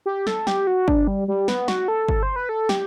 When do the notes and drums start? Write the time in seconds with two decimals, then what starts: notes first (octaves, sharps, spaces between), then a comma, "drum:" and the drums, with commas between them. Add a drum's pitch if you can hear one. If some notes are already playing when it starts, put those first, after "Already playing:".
0.06 G4
0.27 A4, drum: snare
0.47 G4, drum: snare
0.67 F#4
0.88 D4, drum: kick
1.07 G3
1.28 G3
1.48 B3, drum: snare
1.68 F#4, drum: snare
1.88 A4
2.09 drum: kick
2.23 C5
2.36 B4
2.49 A4
2.69 G4, drum: snare